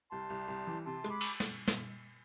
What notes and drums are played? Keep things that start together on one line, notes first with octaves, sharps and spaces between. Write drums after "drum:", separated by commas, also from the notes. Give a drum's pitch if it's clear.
C2 A5 C6
C2
C2
E3
C3 A5 C6
G#3, drum: hi-hat
B5 D6
drum: cymbal
drum: snare
drum: snare